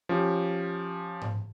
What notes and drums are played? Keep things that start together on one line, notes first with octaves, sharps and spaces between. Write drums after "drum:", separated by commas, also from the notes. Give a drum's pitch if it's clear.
F3 C#4 G4
drum: tom G#2